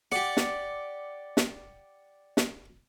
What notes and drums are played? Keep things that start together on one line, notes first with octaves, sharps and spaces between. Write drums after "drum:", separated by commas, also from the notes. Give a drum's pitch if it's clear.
G4 D5 F#5
drum: snare
drum: snare
drum: snare